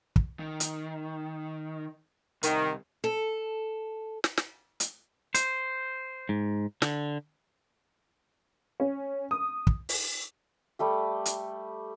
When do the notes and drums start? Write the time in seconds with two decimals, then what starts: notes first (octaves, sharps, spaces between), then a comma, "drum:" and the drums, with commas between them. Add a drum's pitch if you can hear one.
0.16 drum: kick
0.39 D#3
0.60 drum: hi-hat
2.43 C2 D#3, drum: hi-hat
3.04 A4
4.24 drum: snare
4.37 drum: snare
4.80 drum: hi-hat
5.35 C5, drum: hi-hat
6.29 G#2
6.82 D3, drum: snare
8.80 C#4
9.31 D#6
9.67 drum: kick
9.89 drum: open hi-hat
10.79 G3 A3 G4
11.26 drum: hi-hat